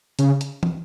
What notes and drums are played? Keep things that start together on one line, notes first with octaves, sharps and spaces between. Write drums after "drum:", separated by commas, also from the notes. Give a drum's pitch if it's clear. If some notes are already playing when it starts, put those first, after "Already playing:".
C#3, drum: hi-hat
drum: hi-hat
drum: tom